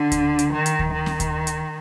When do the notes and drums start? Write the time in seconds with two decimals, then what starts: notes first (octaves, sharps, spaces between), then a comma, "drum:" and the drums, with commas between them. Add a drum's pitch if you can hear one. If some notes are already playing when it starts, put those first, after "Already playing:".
Already playing: D3
0.12 drum: kick D2, hi-hat
0.39 drum: hi-hat
0.53 D#3
0.66 drum: hi-hat
0.79 drum: kick D2
0.93 D#3
1.06 drum: snare
1.20 drum: kick D2, hi-hat
1.47 drum: hi-hat